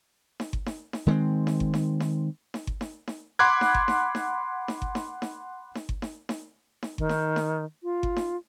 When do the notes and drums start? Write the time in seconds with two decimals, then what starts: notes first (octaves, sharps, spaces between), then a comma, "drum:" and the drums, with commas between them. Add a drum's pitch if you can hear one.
0.40 drum: snare D#4
0.53 drum: kick G1
0.66 drum: snare D#4
0.93 drum: snare D#4
1.07 D#3 G#3 A#3 C4
1.47 drum: snare D#4
1.60 drum: kick G1
1.74 drum: snare D#4
2.00 drum: snare D#4
2.54 drum: snare D#4
2.67 drum: kick G1
2.81 drum: snare D#4
3.08 drum: snare D#4
3.39 F#5 B5 C6 D6 F#6 G#6
3.61 drum: snare D#4
3.74 drum: kick G1
3.88 drum: snare D#4
4.15 drum: snare D#4
4.68 drum: snare D#4
4.82 drum: kick G1
4.95 drum: snare D#4
5.22 drum: snare D#4
5.75 drum: snare D#4
5.89 drum: kick G1
6.02 drum: snare D#4
6.29 drum: snare D#4
6.83 drum: snare D#4
6.98 D#3, drum: kick G1
7.09 drum: snare D#4
7.36 drum: snare D#4
7.84 F4
8.03 drum: kick G1
8.16 drum: snare D#4